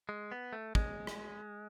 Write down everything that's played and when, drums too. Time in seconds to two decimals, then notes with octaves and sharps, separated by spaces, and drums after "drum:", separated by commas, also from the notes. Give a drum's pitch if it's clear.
0.09 G#3
0.32 B3
0.53 A3
0.75 G#3, drum: kick
1.07 drum: rim click